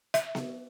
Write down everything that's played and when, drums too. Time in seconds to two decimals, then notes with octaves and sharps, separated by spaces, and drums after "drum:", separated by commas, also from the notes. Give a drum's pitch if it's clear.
0.14 E5, drum: hi-hat
0.35 drum: snare B3